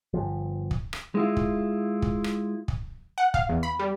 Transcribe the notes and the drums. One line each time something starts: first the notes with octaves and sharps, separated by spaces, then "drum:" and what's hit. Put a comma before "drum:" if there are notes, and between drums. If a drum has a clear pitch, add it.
G1 C#2 F3
drum: kick
drum: rim click
G#3 E4 F4
drum: kick
drum: kick
drum: rim click
drum: kick
F#5
F5, drum: kick
E2
B5
G3